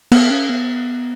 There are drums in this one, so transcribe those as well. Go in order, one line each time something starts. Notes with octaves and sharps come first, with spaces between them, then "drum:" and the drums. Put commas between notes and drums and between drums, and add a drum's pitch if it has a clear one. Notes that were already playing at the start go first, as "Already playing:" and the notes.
B3, drum: cymbal
C#4
B3